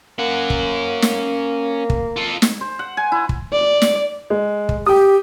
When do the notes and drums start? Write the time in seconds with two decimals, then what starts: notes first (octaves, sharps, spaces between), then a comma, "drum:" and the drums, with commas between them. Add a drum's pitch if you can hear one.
0.19 A#3 C#4 F#5
0.50 drum: kick
1.02 drum: snare
1.90 drum: kick
2.16 F4 A4
2.42 drum: snare
2.61 C5
2.79 F#5
2.97 G#5
3.12 E4
3.29 drum: kick
3.52 D5
3.82 drum: snare
4.30 G#3
4.69 drum: kick
4.86 G4 G5 D#6